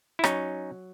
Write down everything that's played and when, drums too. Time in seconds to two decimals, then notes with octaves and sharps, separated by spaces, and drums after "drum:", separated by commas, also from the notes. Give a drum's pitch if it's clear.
0.19 E4
0.24 F#3 C#4 D#4, drum: rim click